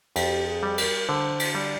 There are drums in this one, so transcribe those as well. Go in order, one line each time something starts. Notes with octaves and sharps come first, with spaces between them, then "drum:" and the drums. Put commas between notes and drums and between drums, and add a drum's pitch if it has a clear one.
F2 G4, drum: cymbal
G#4
G3
A#4, drum: cymbal
D3 C5
drum: cymbal
G3 D5